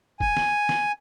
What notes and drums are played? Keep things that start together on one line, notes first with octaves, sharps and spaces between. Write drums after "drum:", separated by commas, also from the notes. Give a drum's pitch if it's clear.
G#5, drum: kick
drum: snare
drum: snare